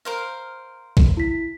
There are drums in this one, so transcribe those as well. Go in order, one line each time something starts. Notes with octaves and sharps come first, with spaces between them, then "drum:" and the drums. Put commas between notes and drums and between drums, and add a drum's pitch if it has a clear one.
A#4 C5 F5
drum: kick
E4 B6